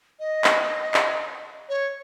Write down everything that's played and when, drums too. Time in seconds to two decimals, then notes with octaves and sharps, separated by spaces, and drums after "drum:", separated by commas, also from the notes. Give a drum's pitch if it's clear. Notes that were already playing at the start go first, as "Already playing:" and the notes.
0.19 D#5
0.44 drum: clap
0.94 drum: clap
1.69 C#5